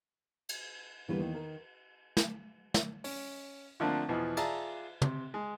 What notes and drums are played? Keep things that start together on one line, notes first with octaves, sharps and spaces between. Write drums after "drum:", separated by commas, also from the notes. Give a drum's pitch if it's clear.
drum: cymbal
E2 D3 E3 G3 A#3 B4
D#3
A#4
drum: snare
drum: snare
C#4, drum: open hi-hat
D3 F3 A3 A#3 C4 D4
E2 B2 E3 F3
F4 G#4 D5 E5 A5 A#5, drum: cymbal
C3, drum: tom
G#3